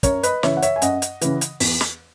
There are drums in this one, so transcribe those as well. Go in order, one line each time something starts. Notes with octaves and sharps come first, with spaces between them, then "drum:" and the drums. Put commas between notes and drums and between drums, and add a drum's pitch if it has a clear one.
F#2 A#4 C#5, drum: kick, hi-hat
B4 D#5, drum: hi-hat
C#3 E3 C#5 E5, drum: snare
F#5
C#5 E5, drum: hi-hat
G#5
F#2 D#5 F#5, drum: hi-hat
drum: hi-hat
C#3 E3, drum: hi-hat
drum: hi-hat
E2, drum: open hi-hat
drum: snare